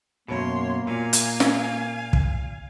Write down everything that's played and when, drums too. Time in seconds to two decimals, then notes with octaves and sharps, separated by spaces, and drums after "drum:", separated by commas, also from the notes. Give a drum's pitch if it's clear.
0.28 F#2 B2 A#3 C#5 C6
0.87 A#2 F5 G#5
1.13 drum: hi-hat
1.40 drum: snare
2.13 drum: kick